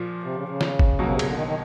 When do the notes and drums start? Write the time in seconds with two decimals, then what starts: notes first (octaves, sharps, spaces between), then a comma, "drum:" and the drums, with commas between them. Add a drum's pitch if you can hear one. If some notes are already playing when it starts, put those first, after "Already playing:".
Already playing: A#2 F3
0.23 C3
0.36 C#3
0.49 C#3
0.61 drum: snare
0.79 drum: kick
0.99 B2 F#3 A#3
1.10 C3
1.19 C#3, drum: cymbal
1.27 D3
1.36 D#3
1.47 D#3